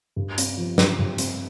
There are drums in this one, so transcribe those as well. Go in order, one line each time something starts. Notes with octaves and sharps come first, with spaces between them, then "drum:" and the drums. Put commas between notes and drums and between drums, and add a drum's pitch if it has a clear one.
G2
C4, drum: hi-hat
F3
G2, drum: snare
G2
C4, drum: hi-hat